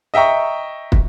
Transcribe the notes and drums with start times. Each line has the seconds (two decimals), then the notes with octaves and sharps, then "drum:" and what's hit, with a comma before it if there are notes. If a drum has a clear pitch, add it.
0.14 D#5 E5 G5 A#5 C#6
0.92 drum: kick